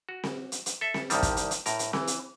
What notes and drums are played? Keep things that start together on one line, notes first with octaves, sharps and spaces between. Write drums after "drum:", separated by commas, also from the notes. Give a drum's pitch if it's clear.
F#4
drum: snare C4
drum: hi-hat
drum: hi-hat
A4 E5
drum: snare C4
C2 G2 D#3 G3, drum: hi-hat
drum: kick, hi-hat
drum: hi-hat
drum: hi-hat
A2 A#4, drum: hi-hat
drum: hi-hat
E3, drum: snare C4
drum: hi-hat